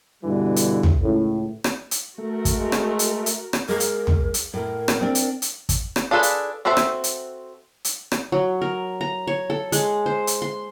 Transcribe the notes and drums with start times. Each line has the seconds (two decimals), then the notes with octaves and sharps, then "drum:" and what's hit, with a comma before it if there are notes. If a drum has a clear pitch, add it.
0.24 G2 B2 D3 E3 G3
0.56 drum: hi-hat
0.83 drum: tom
1.01 C#2 A2
1.64 drum: rim click
1.91 drum: hi-hat
2.18 A3 F#4 A#4
2.45 drum: kick, hi-hat
2.58 G#3
2.72 drum: rim click
2.99 drum: hi-hat
3.26 drum: hi-hat
3.53 drum: rim click
3.69 G#3 A#4
3.80 drum: hi-hat
4.07 drum: tom
4.34 drum: hi-hat
4.54 A2 A#4
4.88 drum: rim click
5.01 C4 D4
5.15 drum: hi-hat
5.42 drum: hi-hat
5.69 drum: kick, hi-hat
5.96 drum: rim click
6.11 D4 F4 G#4 A4 B4
6.23 drum: hi-hat
6.65 C4 F#4 A4 C5 E5
6.77 drum: rim click
7.04 drum: hi-hat
7.85 drum: hi-hat
8.12 drum: rim click
8.32 F#3
8.62 A#4
9.01 A#5
9.27 C#5
9.50 A4
9.72 G#3, drum: hi-hat
10.06 C5
10.27 drum: hi-hat
10.42 C6